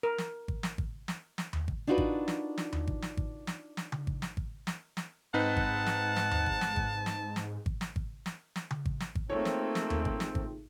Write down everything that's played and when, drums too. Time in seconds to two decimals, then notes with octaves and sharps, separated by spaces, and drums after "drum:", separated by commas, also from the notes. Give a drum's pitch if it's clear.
0.03 A#4
0.18 drum: snare
0.48 drum: kick G#1
0.63 drum: snare
0.78 drum: kick G#1
1.08 drum: snare
1.38 drum: snare
1.53 drum: tom D#2
1.68 drum: kick G#1
1.87 D4 D#4 F4 F#4 A#4 B4
1.98 drum: kick G#1
2.28 drum: snare
2.58 drum: snare
2.72 drum: tom D#2
2.87 drum: kick G#1
3.02 drum: snare
3.17 drum: kick G#1
3.47 drum: snare
3.77 drum: snare
3.92 drum: tom C#3
4.07 drum: kick G#1
4.22 drum: snare
4.37 drum: kick G#1
4.67 drum: snare
4.97 drum: snare
5.34 G#2 C4 D#4 B4 F#5 A5
5.57 drum: kick G#1
5.86 drum: snare
6.16 drum: snare
6.31 drum: tom D#2
6.46 drum: kick G#1
6.61 drum: snare
6.76 drum: kick G#1
7.06 drum: snare
7.36 drum: snare
7.66 drum: kick G#1
7.81 drum: snare
7.96 drum: kick G#1
8.26 drum: snare
8.56 drum: snare
8.71 drum: tom C#3
8.85 drum: kick G#1
9.00 drum: snare
9.15 drum: kick G#1
9.30 A3 A#3 C4 D#4 F4 G#4 C#5
9.45 drum: snare
9.75 drum: snare
9.90 drum: tom D#2
10.05 drum: kick G#1
10.20 drum: snare
10.35 drum: kick G#1